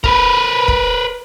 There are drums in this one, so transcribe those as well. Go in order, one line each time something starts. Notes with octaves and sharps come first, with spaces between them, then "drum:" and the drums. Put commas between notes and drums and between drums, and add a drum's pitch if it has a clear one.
A#4 B4, drum: kick
drum: kick